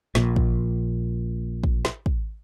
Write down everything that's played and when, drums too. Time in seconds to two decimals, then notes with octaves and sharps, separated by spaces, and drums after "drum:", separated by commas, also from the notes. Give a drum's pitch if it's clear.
0.15 A#1 A#2, drum: snare
0.36 drum: kick
1.64 drum: kick
1.85 drum: snare
2.06 drum: kick